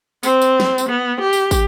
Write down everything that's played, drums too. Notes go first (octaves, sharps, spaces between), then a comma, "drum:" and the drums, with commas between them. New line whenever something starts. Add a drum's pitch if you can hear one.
C4, drum: tambourine
drum: tambourine
drum: snare
drum: tambourine
B3
G4
drum: tambourine
drum: kick, tambourine